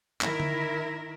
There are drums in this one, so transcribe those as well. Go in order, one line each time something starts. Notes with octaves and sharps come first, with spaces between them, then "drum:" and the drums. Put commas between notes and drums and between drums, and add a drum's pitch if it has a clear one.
D#3 E4 A#4, drum: clap
drum: tom D3